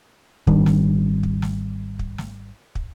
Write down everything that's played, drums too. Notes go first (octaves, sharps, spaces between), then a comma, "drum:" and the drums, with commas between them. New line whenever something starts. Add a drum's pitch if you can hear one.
G#1 D#3 G3 D4, drum: kick
drum: snare
drum: kick
drum: snare
drum: kick
drum: snare
drum: kick